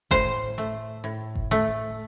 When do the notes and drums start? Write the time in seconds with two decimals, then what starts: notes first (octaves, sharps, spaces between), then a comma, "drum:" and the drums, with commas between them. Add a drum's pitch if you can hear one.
0.11 A2 C5, drum: kick F#1
0.58 A3
1.04 A2
1.35 drum: kick F#1
1.51 A3